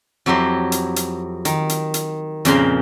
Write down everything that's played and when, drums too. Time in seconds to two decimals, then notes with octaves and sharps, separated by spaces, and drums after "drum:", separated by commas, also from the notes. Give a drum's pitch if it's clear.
0.26 F2 F#3 E4 G4 C6
0.72 drum: hi-hat
0.96 drum: hi-hat
1.45 D#3, drum: hi-hat
1.69 drum: hi-hat
1.94 drum: hi-hat
2.45 F2 A#2 C#3 G5 A#5 C6, drum: hi-hat